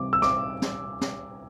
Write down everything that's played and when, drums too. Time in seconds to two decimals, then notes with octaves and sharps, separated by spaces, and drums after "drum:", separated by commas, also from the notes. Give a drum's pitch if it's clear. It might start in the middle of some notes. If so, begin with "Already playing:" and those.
Already playing: C3 E3 G3 D6
0.13 E6
0.22 D6, drum: snare
0.62 drum: snare
1.01 drum: snare